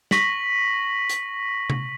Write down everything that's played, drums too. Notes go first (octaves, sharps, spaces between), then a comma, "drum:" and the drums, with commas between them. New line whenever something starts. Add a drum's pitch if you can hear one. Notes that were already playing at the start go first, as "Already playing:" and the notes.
C#6 A#6 B6 F#7, drum: snare
drum: hi-hat
drum: tom C3